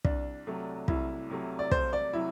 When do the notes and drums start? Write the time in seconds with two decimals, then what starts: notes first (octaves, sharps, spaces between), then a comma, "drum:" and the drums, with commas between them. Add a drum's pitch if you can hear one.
0.05 C2 D4, drum: kick
0.47 C3 F#3 A3
0.88 C2 E4, drum: kick
1.29 C3 F#3 A3
1.59 D5
1.71 C2 C5, drum: kick
1.93 D5
2.13 C3 F#3 E4